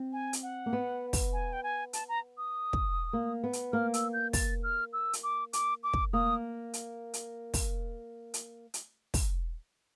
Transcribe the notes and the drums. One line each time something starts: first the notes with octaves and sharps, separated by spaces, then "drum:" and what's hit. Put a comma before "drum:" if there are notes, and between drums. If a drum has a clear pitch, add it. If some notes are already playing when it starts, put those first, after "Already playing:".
Already playing: C4
G#5
drum: hi-hat
F#5
A#3
B3
drum: kick, open hi-hat
G#5
G5
G#5
A5, drum: hi-hat
A#5
D#6
drum: kick
A#3
B3
drum: hi-hat
A#3 F6
E6, drum: hi-hat
G6
A6, drum: kick, open hi-hat
F6
E6
drum: hi-hat
D6
D6, drum: hi-hat
D6
drum: kick
A#3 D#6
drum: hi-hat
drum: hi-hat
drum: kick, open hi-hat
drum: hi-hat
drum: hi-hat
drum: kick, open hi-hat